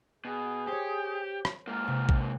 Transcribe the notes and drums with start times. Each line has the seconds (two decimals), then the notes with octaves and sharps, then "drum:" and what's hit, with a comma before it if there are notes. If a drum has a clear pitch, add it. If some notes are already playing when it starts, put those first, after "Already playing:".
0.25 B2 G#4
0.68 G4 C5 C#5
1.45 drum: rim click
1.67 G#2 A#3 A#4
1.87 C3
2.09 drum: kick A#1